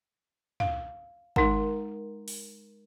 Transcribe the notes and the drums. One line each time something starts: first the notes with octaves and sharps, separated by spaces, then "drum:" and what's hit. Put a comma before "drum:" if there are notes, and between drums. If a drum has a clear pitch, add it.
F5, drum: tom
G#3 D#4 A#4 F#5 A#5 C6, drum: kick
drum: open hi-hat